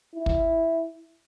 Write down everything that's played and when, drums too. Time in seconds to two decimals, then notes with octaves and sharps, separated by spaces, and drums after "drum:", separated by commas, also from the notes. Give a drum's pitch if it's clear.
0.15 E4
0.26 drum: kick